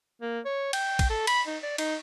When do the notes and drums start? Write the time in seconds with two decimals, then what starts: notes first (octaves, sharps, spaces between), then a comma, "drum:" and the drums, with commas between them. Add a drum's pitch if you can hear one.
0.22 A#3
0.45 C#5
0.73 G5, drum: cymbal
0.99 drum: kick, cymbal
1.10 A4
1.27 B5, drum: cymbal
1.47 D#4
1.63 D5
1.78 D#4, drum: cymbal